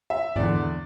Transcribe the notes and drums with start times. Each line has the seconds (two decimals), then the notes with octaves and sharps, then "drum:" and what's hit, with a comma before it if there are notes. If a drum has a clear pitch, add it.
0.10 E5
0.36 E2 D3 D5, drum: tom G#2